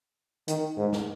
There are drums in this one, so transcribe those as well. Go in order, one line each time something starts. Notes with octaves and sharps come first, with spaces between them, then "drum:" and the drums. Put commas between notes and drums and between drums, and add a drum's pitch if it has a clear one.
D#3, drum: hi-hat
G#2
drum: snare